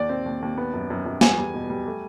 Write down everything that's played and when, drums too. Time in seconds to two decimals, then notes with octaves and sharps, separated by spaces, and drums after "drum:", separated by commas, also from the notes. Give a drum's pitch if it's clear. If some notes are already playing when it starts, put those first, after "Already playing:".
Already playing: D#2 D5
0.09 C4
0.26 D#2
0.42 D#2
0.58 B3
0.74 F#2
0.90 F#2
1.06 F#2
1.21 E2 G#5, drum: snare
1.38 G3
1.54 B2
1.70 G3
1.87 A3